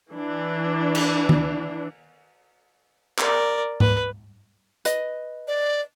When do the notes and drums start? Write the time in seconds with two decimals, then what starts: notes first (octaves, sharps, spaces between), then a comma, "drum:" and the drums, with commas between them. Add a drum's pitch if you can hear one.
0.13 E3 D4
0.95 drum: cymbal
1.29 drum: tom D#3
3.19 A#4 D5, drum: clap
3.80 B4, drum: tom G#2
4.85 B4 D#5, drum: hi-hat
5.48 D5